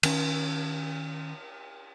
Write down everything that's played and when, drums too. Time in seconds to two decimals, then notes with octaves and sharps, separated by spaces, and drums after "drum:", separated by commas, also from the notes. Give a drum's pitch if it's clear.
0.03 D#3 C#4, drum: cymbal